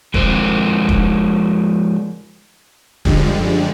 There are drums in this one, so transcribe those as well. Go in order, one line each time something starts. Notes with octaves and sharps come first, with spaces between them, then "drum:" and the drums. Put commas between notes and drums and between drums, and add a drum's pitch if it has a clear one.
F3 G#3 A#4 C5, drum: kick
drum: kick
F#2 D3 F3 G3 G#3, drum: kick